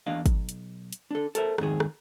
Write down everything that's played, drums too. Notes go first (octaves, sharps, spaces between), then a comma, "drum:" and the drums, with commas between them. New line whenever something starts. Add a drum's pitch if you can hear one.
E2 A#3 D4 D#5 F5
B1, drum: kick, hi-hat
drum: hi-hat
drum: hi-hat
D4 A4
A4 A#4 C5 E5, drum: hi-hat
F2 G#2 D#3 G#4, drum: rim click
drum: rim click